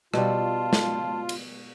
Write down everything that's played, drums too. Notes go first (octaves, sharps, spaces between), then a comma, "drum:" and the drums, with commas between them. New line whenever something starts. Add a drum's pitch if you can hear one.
B2 G3 F4 A5, drum: rim click
drum: snare
drum: cymbal